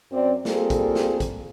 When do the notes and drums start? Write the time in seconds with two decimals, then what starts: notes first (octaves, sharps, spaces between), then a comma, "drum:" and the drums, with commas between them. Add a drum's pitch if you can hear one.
0.11 F#2 C4 D5
0.45 G3 A#3 C4 F4 G#4 A4, drum: snare
0.70 drum: kick, hi-hat
0.95 drum: snare
1.20 drum: kick, hi-hat